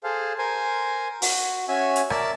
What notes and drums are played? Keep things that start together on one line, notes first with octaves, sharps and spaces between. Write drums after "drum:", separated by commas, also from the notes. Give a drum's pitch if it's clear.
G#4 A4 C5 F5
A#4 C5 G#5
F#4, drum: open hi-hat
C#4 F#4 E5 G#5
drum: hi-hat
A#4 D5 E5 A5, drum: rim click